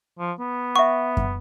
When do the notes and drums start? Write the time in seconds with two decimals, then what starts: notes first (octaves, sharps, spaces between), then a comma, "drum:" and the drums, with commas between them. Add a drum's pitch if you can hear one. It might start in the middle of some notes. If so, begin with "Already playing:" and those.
0.19 F3
0.39 B3
0.76 E5 F#5 C#6
1.17 drum: kick F#2